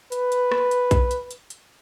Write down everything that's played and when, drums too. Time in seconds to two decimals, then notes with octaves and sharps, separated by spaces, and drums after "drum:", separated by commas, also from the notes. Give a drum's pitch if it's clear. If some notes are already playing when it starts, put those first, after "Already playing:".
0.12 B4, drum: hi-hat
0.32 drum: hi-hat
0.52 drum: rim click
0.71 drum: hi-hat
0.91 drum: kick A#1, hi-hat
1.11 drum: hi-hat
1.31 drum: hi-hat
1.50 drum: hi-hat